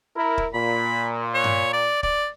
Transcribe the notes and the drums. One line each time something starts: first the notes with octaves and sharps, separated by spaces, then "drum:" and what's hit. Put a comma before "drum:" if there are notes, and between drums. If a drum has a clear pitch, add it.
E4 A#4
drum: kick
A#2 B5
C#5
drum: tom G2
D5
D5, drum: kick